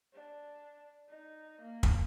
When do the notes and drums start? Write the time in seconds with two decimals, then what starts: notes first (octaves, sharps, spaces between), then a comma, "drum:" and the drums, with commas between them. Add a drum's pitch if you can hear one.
0.14 D4
1.09 D#4
1.61 A#3
1.83 drum: kick